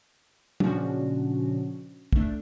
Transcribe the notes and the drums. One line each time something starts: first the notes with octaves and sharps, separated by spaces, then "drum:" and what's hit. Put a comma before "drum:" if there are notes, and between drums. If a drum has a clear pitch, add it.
A#2 C#3 F3 C#4 D4 F#4, drum: tom
A3 D4, drum: kick